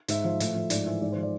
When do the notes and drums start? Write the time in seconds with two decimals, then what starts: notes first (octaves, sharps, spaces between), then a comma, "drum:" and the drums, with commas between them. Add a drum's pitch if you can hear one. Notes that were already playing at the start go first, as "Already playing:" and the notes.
0.08 G#2 E5, drum: hi-hat
0.24 F3
0.40 A2, drum: hi-hat
0.55 F3
0.70 G#2 D5, drum: hi-hat
0.85 E3 E5
1.01 G#2 D5
1.12 F3 C5
1.22 D5